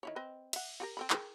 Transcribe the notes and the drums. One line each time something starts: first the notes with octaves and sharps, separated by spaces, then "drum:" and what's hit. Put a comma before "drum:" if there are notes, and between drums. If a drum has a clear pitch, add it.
D#3 E4 C#5
C4 B4 D#5
E5 F#5, drum: cymbal
F#4 G4 A#4
C4 A4 B5
G#4 A#4 G5, drum: clap